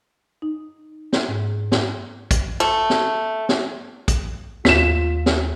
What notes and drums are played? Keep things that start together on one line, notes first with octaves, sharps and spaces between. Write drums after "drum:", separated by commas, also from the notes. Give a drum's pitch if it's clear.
D#4
drum: snare
G#2
drum: snare
drum: kick, hi-hat
A3
drum: snare
drum: snare
drum: kick, hi-hat
D#2 F4 B6 E7, drum: snare
drum: snare